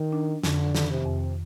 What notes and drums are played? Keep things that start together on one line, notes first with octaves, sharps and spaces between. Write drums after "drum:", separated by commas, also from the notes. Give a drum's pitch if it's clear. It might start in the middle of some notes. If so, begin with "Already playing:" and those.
Already playing: D#3
D4
F2 D3, drum: snare
D#3, drum: snare
C3
F2